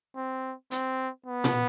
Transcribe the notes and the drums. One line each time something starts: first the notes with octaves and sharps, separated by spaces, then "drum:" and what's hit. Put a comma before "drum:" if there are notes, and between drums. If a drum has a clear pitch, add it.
C4
C4, drum: hi-hat
B3
drum: tom A#2